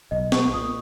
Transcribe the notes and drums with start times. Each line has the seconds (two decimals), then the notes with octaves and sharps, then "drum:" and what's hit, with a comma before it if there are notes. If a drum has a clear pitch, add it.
0.11 B1 D#5
0.32 A#3 C#6, drum: snare
0.54 A#2 D#6